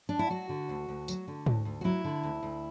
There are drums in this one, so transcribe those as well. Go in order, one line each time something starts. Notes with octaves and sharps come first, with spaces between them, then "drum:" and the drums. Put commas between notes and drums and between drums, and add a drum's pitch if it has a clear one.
D4
E4
F#3 F#4
D3
D2
D2
F#3, drum: tambourine
D3
D2, drum: tom
D2
F#4
F#3 E4
D3
D2
D2